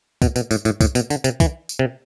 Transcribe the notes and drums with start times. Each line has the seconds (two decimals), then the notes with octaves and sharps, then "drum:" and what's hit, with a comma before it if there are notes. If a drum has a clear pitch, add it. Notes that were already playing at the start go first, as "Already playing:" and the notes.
0.22 B2, drum: kick, tambourine
0.36 B2, drum: tambourine
0.51 A2, drum: tambourine
0.65 A2, drum: tambourine
0.81 A2, drum: kick, tambourine
0.95 B2, drum: tambourine
1.10 D3, drum: tambourine
1.24 C3, drum: tambourine
1.40 E3, drum: kick, tambourine
1.69 drum: tambourine
1.79 C3